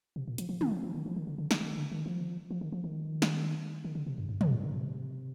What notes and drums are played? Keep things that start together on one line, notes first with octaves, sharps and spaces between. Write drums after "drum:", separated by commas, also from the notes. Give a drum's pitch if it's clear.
C3
A#2
F3, drum: hi-hat
F3
D#3, drum: tom
F3
F3
D#3
F3
D#3
D3
D3
D#3, drum: snare
D#3
D3
D#3
F3
F3
D#3
F3
D#3
drum: snare
D#3
D3
C3
G2
G2
G#2, drum: tom
G#2
D3
C3